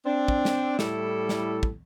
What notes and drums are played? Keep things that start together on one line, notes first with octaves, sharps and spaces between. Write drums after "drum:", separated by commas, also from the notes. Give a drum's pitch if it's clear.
C4 D4
drum: kick
drum: snare
A2 G3 E4 A4, drum: snare
drum: snare
drum: kick